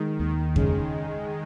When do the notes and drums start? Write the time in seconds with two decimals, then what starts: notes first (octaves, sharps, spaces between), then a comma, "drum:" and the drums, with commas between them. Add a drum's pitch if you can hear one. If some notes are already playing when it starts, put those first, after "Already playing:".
Already playing: D#3 G#3
0.19 D#2 D#3
0.56 C#3 G#3, drum: kick F2